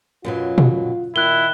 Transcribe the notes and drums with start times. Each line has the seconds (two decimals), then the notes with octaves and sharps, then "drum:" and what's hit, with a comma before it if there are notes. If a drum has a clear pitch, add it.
0.25 F#2 B2 F#3 F4
0.58 drum: tom A#2
1.16 A#2 D#3 E4 F#6 G7